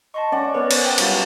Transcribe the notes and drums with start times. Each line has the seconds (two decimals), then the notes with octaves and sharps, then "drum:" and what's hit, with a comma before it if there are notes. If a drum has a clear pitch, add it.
0.14 D#5 A5 C6 C#6
0.32 C#4 D5 F#5
0.54 B3 A#4 B4 C#5
0.71 C5, drum: cymbal
0.84 G5
0.98 F#3 G3 F4 F#4, drum: cymbal